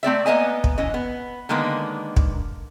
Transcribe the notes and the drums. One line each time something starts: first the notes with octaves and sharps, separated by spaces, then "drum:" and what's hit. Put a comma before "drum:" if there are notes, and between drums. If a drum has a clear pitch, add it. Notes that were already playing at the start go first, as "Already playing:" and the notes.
A3 C4 D5 E5
A#3 B3 D#5 G#5
drum: kick
E3 C#4 D#5
B3
D3 D#3 G#3 A#3 B3
drum: kick